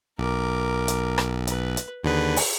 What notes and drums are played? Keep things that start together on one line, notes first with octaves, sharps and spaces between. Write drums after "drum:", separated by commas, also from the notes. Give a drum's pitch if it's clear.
B1 A#4 D6
drum: hi-hat
drum: rim click
B4, drum: hi-hat
drum: hi-hat
D#2 D3 G#4 B4
drum: open hi-hat